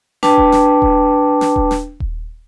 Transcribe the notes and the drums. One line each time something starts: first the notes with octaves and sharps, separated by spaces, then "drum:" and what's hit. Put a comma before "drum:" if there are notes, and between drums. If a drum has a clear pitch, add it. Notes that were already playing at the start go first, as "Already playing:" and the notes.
D4 B4 G5 A5 D6, drum: snare
drum: kick D#1
drum: snare
drum: kick D#1
drum: snare
drum: kick D#1
drum: snare
drum: kick D#1